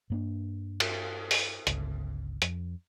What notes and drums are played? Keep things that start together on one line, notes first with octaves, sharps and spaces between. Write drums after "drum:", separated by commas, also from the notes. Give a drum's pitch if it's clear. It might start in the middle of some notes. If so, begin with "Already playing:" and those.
G2 A#3 D4
drum: cymbal
drum: open hi-hat
G1 C#2, drum: hi-hat
F2, drum: hi-hat